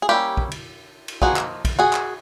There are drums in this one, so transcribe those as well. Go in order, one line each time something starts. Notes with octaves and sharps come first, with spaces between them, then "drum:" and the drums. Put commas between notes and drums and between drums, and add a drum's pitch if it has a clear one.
G#4
G3 A#3 C#4 E4 F4 G4
drum: kick
drum: cymbal
drum: cymbal
F3 A#3 D#4 F#4 G#4, drum: kick
drum: clap
drum: kick, cymbal
F#4 G#4
drum: clap